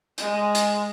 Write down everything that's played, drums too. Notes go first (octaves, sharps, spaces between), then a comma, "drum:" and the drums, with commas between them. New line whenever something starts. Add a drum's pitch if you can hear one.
G#3, drum: hi-hat
drum: hi-hat